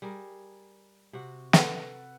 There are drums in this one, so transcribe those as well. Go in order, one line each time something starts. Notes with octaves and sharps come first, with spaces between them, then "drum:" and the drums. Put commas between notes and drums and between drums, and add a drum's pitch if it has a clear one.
G3 G#4 A#4
C3 F#4
A4 B4 F#5, drum: snare